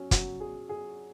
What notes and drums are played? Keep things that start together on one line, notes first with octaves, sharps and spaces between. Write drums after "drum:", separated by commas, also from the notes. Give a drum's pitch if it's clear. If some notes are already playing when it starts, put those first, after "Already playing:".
Already playing: F#3 C#4
F#3, drum: kick, hi-hat
G#4
G#4